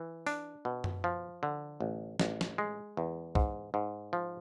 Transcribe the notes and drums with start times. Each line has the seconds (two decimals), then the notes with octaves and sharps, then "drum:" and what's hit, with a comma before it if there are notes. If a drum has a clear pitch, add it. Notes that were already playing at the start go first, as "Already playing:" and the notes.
Already playing: E3
0.27 D4, drum: open hi-hat
0.65 B2
0.84 drum: tom F#2
1.04 F3
1.43 D3
1.81 A1
2.20 A1, drum: snare
2.41 drum: snare
2.58 G#3
2.97 E2
3.35 G#2, drum: kick
3.74 G#2
4.13 F3